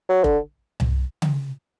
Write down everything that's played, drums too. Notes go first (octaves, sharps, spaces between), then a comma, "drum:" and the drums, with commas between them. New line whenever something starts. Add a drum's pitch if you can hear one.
F#3
D3, drum: kick F1
drum: tom C2
drum: tom C#3